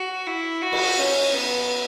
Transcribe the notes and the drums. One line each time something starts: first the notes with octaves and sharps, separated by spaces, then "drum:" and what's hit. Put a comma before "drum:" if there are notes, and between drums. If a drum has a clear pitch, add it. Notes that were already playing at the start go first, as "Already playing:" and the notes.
Already playing: F#4
E4
F#4
drum: cymbal
C#4
B3